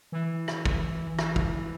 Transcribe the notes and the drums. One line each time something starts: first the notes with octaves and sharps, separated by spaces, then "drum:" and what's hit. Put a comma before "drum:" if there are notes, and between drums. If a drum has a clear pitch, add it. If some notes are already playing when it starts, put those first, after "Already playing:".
E3
drum: rim click
drum: kick
E3, drum: rim click
drum: kick